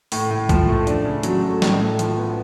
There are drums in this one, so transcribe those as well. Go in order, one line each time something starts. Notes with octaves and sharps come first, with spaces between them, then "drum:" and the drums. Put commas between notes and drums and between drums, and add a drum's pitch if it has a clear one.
A2, drum: open hi-hat
A2
F3, drum: kick, hi-hat
A3
D4, drum: hi-hat
C#3
F#3, drum: hi-hat
A3
A2, drum: snare
A2
F3, drum: hi-hat
B3